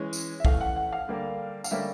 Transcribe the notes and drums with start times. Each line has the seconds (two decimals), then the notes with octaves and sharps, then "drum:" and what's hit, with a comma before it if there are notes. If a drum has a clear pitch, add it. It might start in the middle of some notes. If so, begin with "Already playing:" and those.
Already playing: E3 G#3 C#4
0.13 drum: tambourine
0.40 E5
0.45 E3 A3 C#4 F5, drum: kick
0.61 F#5
0.76 F#5
0.93 F5
1.08 D3 G3 A#3
1.64 F5, drum: tambourine
1.71 D3 G3 A#3 C#4 E5